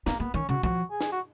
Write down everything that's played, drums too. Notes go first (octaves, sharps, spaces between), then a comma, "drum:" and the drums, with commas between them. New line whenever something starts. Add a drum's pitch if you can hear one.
A#3 B3, drum: snare
A#3 B3
D#3 C#4
C#3 F#4
F3 F#4, drum: kick
G#4
drum: snare
F#4